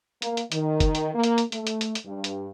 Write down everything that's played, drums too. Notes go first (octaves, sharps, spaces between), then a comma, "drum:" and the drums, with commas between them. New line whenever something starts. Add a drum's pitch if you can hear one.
A#3, drum: hi-hat
drum: hi-hat
D#3, drum: hi-hat
drum: kick, hi-hat
drum: hi-hat
A#3
drum: hi-hat
drum: hi-hat
A3, drum: hi-hat
drum: hi-hat
drum: hi-hat
drum: hi-hat
G2
drum: hi-hat